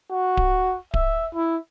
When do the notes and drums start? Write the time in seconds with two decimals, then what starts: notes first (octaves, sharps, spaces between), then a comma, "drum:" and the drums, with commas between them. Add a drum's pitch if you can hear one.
0.11 F#4
0.37 drum: kick D1
0.94 E5, drum: kick D1
1.35 E4